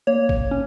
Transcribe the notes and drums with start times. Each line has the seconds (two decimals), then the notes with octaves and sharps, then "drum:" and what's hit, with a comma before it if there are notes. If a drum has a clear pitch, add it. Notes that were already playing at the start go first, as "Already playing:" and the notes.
0.07 A#3 C#5
0.29 drum: kick
0.51 C#4